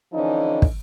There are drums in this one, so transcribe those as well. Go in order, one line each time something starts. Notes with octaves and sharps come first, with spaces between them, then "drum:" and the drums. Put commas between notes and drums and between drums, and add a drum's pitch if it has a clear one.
D3 E3 F3 C#4 D#4
drum: kick